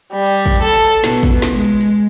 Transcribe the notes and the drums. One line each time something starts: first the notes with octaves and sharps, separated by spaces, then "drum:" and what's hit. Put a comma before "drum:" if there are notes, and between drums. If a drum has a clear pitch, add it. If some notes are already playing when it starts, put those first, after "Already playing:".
G3
drum: hi-hat
drum: kick, hi-hat
A4
drum: hi-hat
B2, drum: snare
drum: kick, hi-hat
drum: snare
G#3
drum: hi-hat